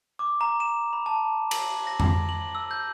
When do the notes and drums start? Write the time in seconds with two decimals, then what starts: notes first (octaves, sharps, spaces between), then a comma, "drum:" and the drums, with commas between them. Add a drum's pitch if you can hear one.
0.19 D6
0.41 A#5
0.60 E7
0.93 B5
1.06 A5
1.51 F#7, drum: cymbal
1.87 A#6
2.00 drum: tom F2
2.29 F#7
2.55 E6
2.71 G6